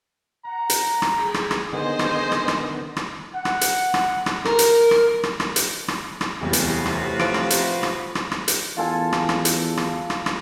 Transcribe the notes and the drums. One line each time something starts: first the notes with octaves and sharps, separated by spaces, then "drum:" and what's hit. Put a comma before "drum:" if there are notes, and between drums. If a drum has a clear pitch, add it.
F#5 A#5
drum: hi-hat
drum: rim click
G#4 A4 G5 B5
drum: rim click
drum: rim click
D3 D#3 B3 G#4 C5 D#5
drum: rim click
drum: rim click
drum: rim click
drum: rim click
F#5
drum: rim click
drum: hi-hat
drum: rim click
drum: rim click
A#4, drum: rim click
drum: hi-hat
drum: rim click
drum: rim click
drum: rim click
drum: hi-hat
drum: rim click
drum: rim click
D1 E2 A2 C3 G3 F4 F#4 B4
drum: hi-hat
drum: rim click
F3 D7, drum: rim click
drum: rim click
drum: hi-hat
drum: rim click
drum: rim click
drum: rim click
drum: hi-hat
E2 F4 A4 G#5
drum: rim click
drum: rim click
drum: hi-hat
drum: rim click
drum: rim click
drum: rim click